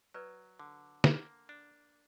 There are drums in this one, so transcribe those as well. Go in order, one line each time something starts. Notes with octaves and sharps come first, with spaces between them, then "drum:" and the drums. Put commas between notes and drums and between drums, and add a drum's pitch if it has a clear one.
F#3 B4 D5
D3
A#3, drum: snare
D4